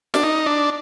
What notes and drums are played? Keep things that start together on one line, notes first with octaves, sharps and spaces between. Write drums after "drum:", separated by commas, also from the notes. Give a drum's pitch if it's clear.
D4, drum: snare
D#4
D4